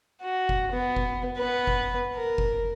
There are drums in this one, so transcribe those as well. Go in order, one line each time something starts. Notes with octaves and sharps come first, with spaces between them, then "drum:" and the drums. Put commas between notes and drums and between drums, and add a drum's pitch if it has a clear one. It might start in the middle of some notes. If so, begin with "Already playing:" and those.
F#4
drum: kick F#1
B3
drum: kick F#1
B3 B4
drum: kick F#1
A#4
drum: kick F#1